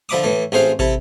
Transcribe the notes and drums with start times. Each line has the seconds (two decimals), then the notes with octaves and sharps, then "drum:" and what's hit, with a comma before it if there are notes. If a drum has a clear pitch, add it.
0.09 D3 F3 E5 B5 D6 D#6
0.24 A2 E3 A3
0.52 A1 A3 C4 G#4 C5 F5
0.79 C3 E4 A4, drum: kick